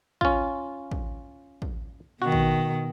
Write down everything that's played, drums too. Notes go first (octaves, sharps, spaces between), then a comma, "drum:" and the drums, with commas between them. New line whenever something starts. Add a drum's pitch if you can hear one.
C#4 F4, drum: kick
drum: kick
drum: kick
B2 D#3 F#4
drum: kick